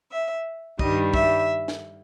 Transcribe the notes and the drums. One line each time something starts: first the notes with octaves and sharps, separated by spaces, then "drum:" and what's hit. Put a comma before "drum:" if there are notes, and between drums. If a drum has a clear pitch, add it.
E5
G2 D#3 G3 D#5, drum: kick
E5, drum: kick
drum: snare